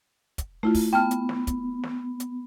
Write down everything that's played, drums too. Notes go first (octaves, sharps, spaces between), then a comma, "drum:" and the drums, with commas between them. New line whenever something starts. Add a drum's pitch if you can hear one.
drum: kick, hi-hat
A3 E4 F4
drum: kick, open hi-hat
B3 G5 A5 F6
drum: hi-hat
drum: snare
drum: kick, hi-hat
drum: snare
drum: hi-hat